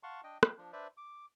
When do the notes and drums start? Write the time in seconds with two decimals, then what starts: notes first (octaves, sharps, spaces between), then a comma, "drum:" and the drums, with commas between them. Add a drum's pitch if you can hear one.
0.03 F5 F#5 A5 C6 C#6
0.24 D4 D#5 G5
0.43 F3 C4, drum: rim click
0.57 F3 D4
0.73 D4 B4 C5 D5 E5
0.97 D6